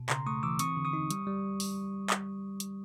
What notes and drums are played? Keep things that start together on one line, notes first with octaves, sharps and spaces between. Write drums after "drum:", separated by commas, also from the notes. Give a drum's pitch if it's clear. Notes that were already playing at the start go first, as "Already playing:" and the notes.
Already playing: B2
C#3 A#5 C6, drum: clap
A3 C#6 D#6
E3 D6 E6
C4 C#6 D#6, drum: hi-hat
D3
C#6 D#6
D#4
G3, drum: hi-hat
G3
drum: open hi-hat
drum: clap
drum: hi-hat